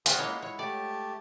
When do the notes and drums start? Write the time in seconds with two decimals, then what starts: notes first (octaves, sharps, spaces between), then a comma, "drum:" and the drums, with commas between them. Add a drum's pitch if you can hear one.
0.06 F4 F#4 G#4 C5 G5, drum: hi-hat
0.18 G#3 A#3 E4 C#5
0.42 E4 C#5
0.59 A3 G4 D5 A5